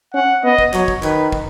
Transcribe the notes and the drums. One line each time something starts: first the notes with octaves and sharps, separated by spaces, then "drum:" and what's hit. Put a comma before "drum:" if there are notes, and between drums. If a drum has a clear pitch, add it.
C#4 F#5
B3 D#5
drum: kick
F#3 C#5, drum: clap
drum: kick
D#3 B4, drum: clap
drum: kick